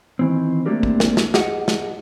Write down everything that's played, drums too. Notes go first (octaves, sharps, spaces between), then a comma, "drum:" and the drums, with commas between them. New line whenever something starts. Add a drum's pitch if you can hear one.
D#3 E3 C4
A3 A#3 C4 D4 G4 A#4
drum: kick
drum: snare
drum: snare
G4 G#4 D#5 F#5, drum: snare
drum: snare